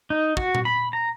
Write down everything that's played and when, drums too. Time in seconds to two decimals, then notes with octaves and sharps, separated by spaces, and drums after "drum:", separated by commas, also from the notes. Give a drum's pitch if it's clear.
0.10 D#4
0.37 F#4, drum: kick
0.55 drum: tom A#2
0.65 B5
0.93 A#5